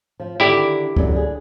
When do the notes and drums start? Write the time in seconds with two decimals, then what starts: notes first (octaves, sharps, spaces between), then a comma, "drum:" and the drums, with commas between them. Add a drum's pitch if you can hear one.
0.20 F3
0.40 D3 D#3 E4 G4 D5
0.97 F#2 D3, drum: kick C#2
1.12 D3 G#4